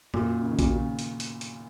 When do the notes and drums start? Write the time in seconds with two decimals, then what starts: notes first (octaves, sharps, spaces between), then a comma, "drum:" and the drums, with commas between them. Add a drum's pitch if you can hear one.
0.14 F#2 A#2, drum: tom F2
0.42 C#3
0.51 D#3
0.59 A#2 C#3, drum: kick A#1, hi-hat
0.70 A#2 C#3
0.99 drum: hi-hat
1.20 drum: hi-hat
1.41 drum: hi-hat